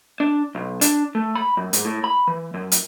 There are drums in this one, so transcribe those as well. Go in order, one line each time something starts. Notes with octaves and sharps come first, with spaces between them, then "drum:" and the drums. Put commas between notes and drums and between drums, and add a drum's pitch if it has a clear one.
D4
B1
D4, drum: hi-hat
A3
B5
F#2
G#2, drum: hi-hat
A2
B5
E3
F#2
drum: hi-hat